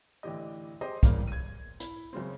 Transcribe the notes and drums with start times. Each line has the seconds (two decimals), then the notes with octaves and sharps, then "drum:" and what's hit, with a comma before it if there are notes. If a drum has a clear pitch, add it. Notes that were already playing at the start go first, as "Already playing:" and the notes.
0.23 A1 D3 E3 G4 D#5
0.81 G4 G#4 C5 D#5 G5
1.03 E2 G2 C#3 E3 A#3, drum: kick, hi-hat
1.28 G#6 D#7
1.80 E4 B5, drum: hi-hat
2.13 F#2 C#3 G#3 C4